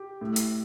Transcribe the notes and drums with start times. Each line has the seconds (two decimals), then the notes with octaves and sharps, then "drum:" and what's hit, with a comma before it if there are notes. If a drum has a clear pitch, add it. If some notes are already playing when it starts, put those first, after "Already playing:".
Already playing: G4
0.21 A2
0.36 drum: hi-hat